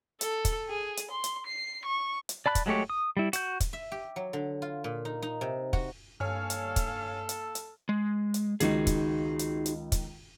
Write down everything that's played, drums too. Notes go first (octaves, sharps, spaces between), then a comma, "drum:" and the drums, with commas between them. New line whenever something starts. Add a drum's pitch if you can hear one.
A4, drum: hi-hat
drum: kick, hi-hat
G#4
drum: hi-hat
C6
drum: hi-hat
C7
C#6
drum: hi-hat
D5 A5 B5 F#6
drum: kick, hi-hat
F#3 G#3 A3 G4 C#5
D#6
G3 E4
F#4 G6, drum: hi-hat
drum: kick, hi-hat
E5
G4
F#3
D3
F4
A#2
D#4
D#4
C3
F#4, drum: kick
G2 A#3 A4 C#5 F5 G#5 F6
drum: hi-hat
drum: kick, hi-hat
drum: hi-hat
drum: hi-hat
G#3
drum: hi-hat
C#2 D#3 D#4 F#4 G#4, drum: hi-hat
drum: kick, hi-hat
drum: hi-hat
drum: hi-hat
drum: kick, hi-hat